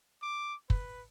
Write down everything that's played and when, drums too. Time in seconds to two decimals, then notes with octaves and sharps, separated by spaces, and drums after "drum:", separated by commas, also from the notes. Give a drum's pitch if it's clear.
0.22 D6
0.70 B4, drum: kick